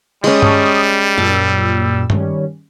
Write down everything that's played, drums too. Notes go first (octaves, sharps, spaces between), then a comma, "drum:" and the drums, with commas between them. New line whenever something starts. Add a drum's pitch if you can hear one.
G3 G#3 C#4 A5 C#6 D#6, drum: cymbal
drum: tom G2
F#2 A#2 A5 E6
D#3 G3 C#4, drum: tom G2